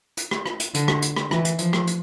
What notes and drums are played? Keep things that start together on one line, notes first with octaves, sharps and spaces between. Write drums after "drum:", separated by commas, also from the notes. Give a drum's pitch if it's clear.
drum: hi-hat
drum: rim click
drum: rim click
drum: hi-hat
D3, drum: hi-hat
drum: rim click
drum: hi-hat
drum: rim click
E3, drum: rim click
drum: hi-hat
F3, drum: hi-hat
drum: rim click
drum: hi-hat